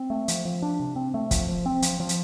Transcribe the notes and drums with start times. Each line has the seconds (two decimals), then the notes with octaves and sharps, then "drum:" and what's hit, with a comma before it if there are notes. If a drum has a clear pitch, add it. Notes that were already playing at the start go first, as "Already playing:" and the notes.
Already playing: C4
0.10 A3
0.28 F3, drum: hi-hat
0.45 F3
0.62 D4
0.80 C3
0.96 C4
1.14 A3
1.31 F3, drum: kick, hi-hat
1.49 F3
1.66 C4
1.82 F3, drum: hi-hat
2.00 F3
2.09 drum: hi-hat